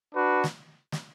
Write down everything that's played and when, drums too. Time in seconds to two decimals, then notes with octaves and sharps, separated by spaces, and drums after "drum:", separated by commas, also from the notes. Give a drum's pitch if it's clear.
0.15 D4 F#4 B4
0.44 drum: snare
0.92 drum: snare